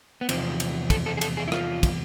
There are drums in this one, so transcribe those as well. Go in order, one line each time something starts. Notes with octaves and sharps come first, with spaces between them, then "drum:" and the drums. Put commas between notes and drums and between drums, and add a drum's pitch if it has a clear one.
B3
E2 C3 F3 C4, drum: cymbal
drum: cymbal
A4, drum: kick, cymbal
A4
G#4
A4, drum: cymbal
G#4
E4
F4, drum: rim click
drum: kick, cymbal